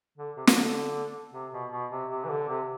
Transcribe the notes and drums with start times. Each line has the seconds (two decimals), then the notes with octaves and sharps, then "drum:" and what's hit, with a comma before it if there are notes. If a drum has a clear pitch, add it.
0.18 D3
0.37 C3
0.47 C3, drum: snare
0.56 D3
1.33 C3
1.52 B2
1.71 B2
1.91 C3
2.10 C3
2.25 E3
2.30 D3
2.48 C3